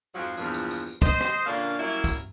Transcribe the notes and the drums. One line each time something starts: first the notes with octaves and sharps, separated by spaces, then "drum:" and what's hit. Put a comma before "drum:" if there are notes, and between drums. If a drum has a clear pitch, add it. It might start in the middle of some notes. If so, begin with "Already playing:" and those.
F2 G#2 F3 F#3
E2 G2 A#2 F3, drum: tambourine
drum: tambourine
drum: tambourine
drum: tambourine
C5 D#5, drum: kick, tambourine
drum: rim click
A#2 D3 A#3 C#4 D4 F5
F#3 G3 A#3 C#4 E4
drum: kick, tambourine